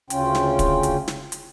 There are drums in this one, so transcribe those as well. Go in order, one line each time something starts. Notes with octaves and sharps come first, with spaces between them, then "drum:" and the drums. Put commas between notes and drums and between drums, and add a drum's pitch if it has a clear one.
D2 C#3 C#4 F4 G5, drum: hi-hat
drum: snare
drum: kick, hi-hat
drum: hi-hat
drum: snare
drum: hi-hat